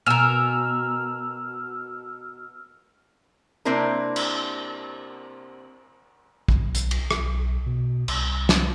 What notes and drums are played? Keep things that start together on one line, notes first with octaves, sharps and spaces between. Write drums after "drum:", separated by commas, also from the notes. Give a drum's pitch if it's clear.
B2 A#4 G#5 E6 F6
C3 A#3 C4 D4 E4 A#4
drum: cymbal
B1, drum: kick
drum: hi-hat
drum: cymbal
B1, drum: rim click
B2
C2, drum: cymbal
drum: snare